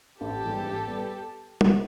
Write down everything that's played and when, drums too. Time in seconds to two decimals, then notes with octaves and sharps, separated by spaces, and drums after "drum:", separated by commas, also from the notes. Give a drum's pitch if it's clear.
0.20 A1 G4 A4
0.42 G#2 E3 G3 B3
0.64 A1
0.87 G3 B3
1.61 drum: tom